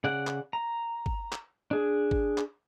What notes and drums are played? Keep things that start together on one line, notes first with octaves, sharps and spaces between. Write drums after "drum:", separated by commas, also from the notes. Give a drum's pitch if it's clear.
C#3 D5 F#5
drum: clap
A#5
drum: kick
drum: clap
D4 G#4
drum: kick
drum: clap